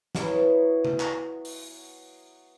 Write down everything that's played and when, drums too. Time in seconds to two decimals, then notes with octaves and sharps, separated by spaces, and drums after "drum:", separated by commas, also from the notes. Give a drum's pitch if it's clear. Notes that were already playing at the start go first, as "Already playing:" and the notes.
0.15 E3 F#3 B3, drum: snare
0.85 drum: tom C#3
1.00 drum: clap
1.45 drum: open hi-hat